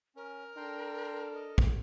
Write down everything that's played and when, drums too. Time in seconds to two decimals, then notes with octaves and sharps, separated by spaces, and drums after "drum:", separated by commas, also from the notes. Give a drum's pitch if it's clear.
0.16 C#4 A#4
0.57 D4 A4 G5 A#5 C6
1.35 D#5
1.58 drum: kick